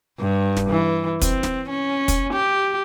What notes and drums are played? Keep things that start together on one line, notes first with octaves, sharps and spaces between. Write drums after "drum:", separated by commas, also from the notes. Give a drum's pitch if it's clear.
G2
drum: snare
E3
C4, drum: kick, hi-hat
drum: snare
C#4
drum: kick, hi-hat
G4